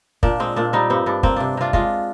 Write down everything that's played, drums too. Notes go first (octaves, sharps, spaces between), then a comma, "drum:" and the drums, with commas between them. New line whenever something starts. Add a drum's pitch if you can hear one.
A#2 D4, drum: kick
G#3 C4
A#2 D4
G3 C4 D#4
G2 C4
G2 D4
A#3 C4, drum: kick
C3 D4
C3 D4 F4
G#3 D4 F4, drum: kick